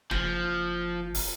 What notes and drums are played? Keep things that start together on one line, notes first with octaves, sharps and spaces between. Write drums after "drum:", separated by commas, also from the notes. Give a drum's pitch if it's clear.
F#1 F3, drum: snare
drum: open hi-hat